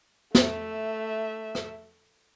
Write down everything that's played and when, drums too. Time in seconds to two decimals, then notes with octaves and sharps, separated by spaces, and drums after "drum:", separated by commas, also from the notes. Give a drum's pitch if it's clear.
0.35 A3 E5, drum: snare
1.55 drum: rim click